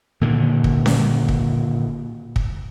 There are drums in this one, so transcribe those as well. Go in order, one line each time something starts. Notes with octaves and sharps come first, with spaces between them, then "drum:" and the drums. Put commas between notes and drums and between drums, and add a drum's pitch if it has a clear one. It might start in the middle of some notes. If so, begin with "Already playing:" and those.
A#2 D3 D#3
drum: kick
drum: snare C#4
drum: kick
drum: kick